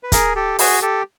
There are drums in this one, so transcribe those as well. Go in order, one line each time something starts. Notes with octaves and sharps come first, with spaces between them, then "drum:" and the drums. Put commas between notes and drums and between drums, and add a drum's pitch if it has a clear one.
B4
G#4 A#4, drum: kick, hi-hat
G4 A4
F#4 G#4, drum: open hi-hat
G4 A4